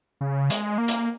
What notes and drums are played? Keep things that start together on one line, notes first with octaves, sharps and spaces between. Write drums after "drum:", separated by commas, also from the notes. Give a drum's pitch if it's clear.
C#3
G#3, drum: hi-hat
A#3
drum: hi-hat